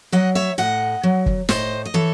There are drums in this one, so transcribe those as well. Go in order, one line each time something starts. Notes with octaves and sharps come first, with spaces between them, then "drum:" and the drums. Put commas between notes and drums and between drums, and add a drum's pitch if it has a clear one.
F#3 D#5 F#5
C#5 E5
A2 D#5 F#5
F#3
drum: kick
A2 C5 D#5, drum: snare
D#5
E3 A4 C#5